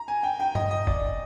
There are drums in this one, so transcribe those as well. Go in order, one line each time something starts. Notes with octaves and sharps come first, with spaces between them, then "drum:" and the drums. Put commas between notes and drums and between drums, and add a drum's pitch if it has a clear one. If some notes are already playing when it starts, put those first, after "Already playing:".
Already playing: A#5
G#5
G5
G5
D#5, drum: tom G2
D#5
D5, drum: kick